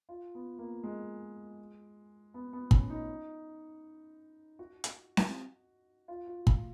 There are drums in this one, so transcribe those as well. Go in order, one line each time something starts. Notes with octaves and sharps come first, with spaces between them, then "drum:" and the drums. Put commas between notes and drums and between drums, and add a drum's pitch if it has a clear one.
F4
B3
A#3
G#3
B3
B3
C#4, drum: kick
D#4
F#4
drum: hi-hat
drum: snare C4
F4
F#4
F4, drum: kick